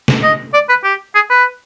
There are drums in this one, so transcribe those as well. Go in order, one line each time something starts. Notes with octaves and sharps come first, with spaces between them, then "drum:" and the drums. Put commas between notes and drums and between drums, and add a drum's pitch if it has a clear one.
drum: snare
D#5
D5
B4
G4
G#4
B4